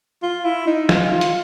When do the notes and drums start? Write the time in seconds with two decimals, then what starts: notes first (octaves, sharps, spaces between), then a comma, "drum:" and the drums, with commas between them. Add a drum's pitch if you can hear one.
0.22 F4
0.45 E4
0.67 D#4
0.89 F4, drum: snare
1.12 F4
1.21 drum: hi-hat